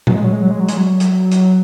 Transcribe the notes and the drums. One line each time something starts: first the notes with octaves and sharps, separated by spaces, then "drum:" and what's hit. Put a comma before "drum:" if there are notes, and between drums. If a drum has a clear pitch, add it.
F#3, drum: tom A#2
G#3
F#3
G#3
F#3
G#3
F#3
G#3, drum: hi-hat
F#3
F#3, drum: hi-hat
drum: hi-hat